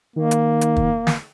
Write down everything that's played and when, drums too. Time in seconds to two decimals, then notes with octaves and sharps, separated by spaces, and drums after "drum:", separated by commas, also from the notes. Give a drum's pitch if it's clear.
0.16 D#3 A#3
0.31 drum: hi-hat
0.61 drum: hi-hat
0.76 drum: kick
1.07 drum: snare